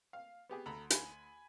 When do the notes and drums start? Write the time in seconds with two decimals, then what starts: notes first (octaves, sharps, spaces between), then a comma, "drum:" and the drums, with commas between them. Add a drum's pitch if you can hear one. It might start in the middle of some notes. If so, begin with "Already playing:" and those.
0.13 F5
0.49 B3 G4 G#4
0.66 D2 A4 A#5 B5
0.90 G#5 B5, drum: hi-hat